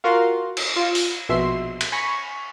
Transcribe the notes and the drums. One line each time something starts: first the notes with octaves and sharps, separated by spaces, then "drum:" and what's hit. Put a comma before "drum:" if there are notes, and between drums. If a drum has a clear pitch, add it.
F4 F#4 A#4 F5 C6
drum: cymbal
F4
drum: open hi-hat
A#1 B2 E5 C6 C7
drum: cymbal
G#5 B5 C#6 A#6 B6 C#7